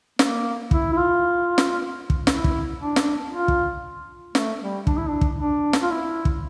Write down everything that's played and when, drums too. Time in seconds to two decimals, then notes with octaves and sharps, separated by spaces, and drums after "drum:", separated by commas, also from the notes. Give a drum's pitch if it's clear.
0.19 A#3, drum: snare
0.71 E4, drum: kick
0.93 E4
0.97 F4
1.58 drum: snare
2.10 drum: kick
2.27 E4, drum: snare
2.44 drum: kick
2.79 D4
2.96 drum: snare
3.31 F4
3.48 drum: kick
4.35 A3, drum: snare
4.61 G3
4.87 D4, drum: kick
4.97 E4
5.09 D4
5.21 drum: kick
5.39 D4
5.73 drum: snare
5.82 F4
5.91 E4
6.25 drum: kick